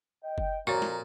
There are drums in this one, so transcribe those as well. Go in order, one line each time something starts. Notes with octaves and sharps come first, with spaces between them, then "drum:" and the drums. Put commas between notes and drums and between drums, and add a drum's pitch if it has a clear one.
D#5 G5
drum: kick F#1
F2 A#2 F#4 C#5 A#5
drum: snare